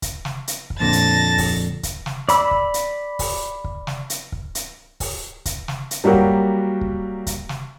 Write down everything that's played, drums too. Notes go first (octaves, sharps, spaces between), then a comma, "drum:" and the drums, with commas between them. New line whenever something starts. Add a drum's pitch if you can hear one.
drum: kick, hi-hat
drum: snare
drum: hi-hat
drum: kick
F2 A#2 D3 A5 A6 A#6
drum: hi-hat
drum: kick, open hi-hat
drum: kick, hi-hat
drum: snare
D5 B5 E6, drum: hi-hat
drum: kick
drum: hi-hat
drum: kick, open hi-hat
drum: kick
drum: snare
drum: hi-hat
drum: kick
drum: hi-hat
drum: kick, open hi-hat
drum: kick, hi-hat
drum: snare
drum: hi-hat
F#3 G3 A#3 F#4 G4
drum: kick
drum: kick
drum: kick, hi-hat
drum: snare